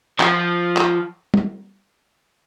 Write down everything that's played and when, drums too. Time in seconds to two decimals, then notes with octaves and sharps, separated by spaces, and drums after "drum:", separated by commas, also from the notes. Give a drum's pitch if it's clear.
0.20 F3, drum: clap
0.76 drum: clap
1.34 drum: tom